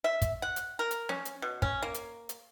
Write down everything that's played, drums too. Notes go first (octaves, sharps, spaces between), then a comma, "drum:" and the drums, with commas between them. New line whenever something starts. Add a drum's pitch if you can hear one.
E5
drum: kick, hi-hat
F#5
drum: hi-hat
A#4
drum: hi-hat
C#4, drum: snare
drum: hi-hat
B2
C#4, drum: kick
A#3
drum: hi-hat
drum: hi-hat